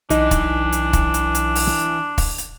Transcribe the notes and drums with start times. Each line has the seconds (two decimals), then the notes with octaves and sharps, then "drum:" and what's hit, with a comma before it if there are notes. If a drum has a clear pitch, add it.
0.10 B1 E3 D4 D#4, drum: hi-hat
0.31 drum: kick, hi-hat
0.73 drum: hi-hat
0.93 drum: kick, hi-hat
1.14 drum: hi-hat
1.35 drum: hi-hat
1.55 drum: open hi-hat
2.18 drum: kick, open hi-hat
2.38 drum: hi-hat